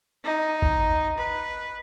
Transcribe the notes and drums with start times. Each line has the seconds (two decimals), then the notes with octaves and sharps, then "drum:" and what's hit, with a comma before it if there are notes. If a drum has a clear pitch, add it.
0.24 D#4
0.62 drum: kick G#1
1.18 B4